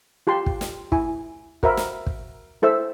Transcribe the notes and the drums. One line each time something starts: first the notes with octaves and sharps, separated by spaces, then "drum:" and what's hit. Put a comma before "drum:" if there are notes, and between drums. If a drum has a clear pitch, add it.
F4 G4 A5 C6
drum: kick
drum: snare
E4 G#5, drum: kick
F#4 A#4 C5 E5 B5, drum: kick
drum: snare
drum: kick
E4 A4 C5 E5 E6